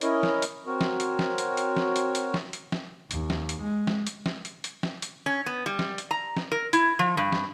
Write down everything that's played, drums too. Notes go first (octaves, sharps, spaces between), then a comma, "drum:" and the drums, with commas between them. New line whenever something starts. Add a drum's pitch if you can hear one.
C#4 E4 A#4 C#5 D#5, drum: hi-hat
drum: snare
drum: hi-hat
C4 F#4 A#4 C#5
drum: snare
drum: hi-hat
drum: snare
drum: hi-hat
drum: hi-hat
drum: snare
drum: hi-hat
drum: hi-hat
drum: snare
drum: hi-hat
drum: snare
D#2, drum: hi-hat
drum: snare
drum: hi-hat
G#3
drum: snare
drum: hi-hat
drum: snare
drum: hi-hat
drum: hi-hat
drum: snare
drum: hi-hat
C#4
B3
G3
drum: snare
drum: hi-hat
A#5
drum: snare
A#4
E4, drum: hi-hat
F3
G2
drum: snare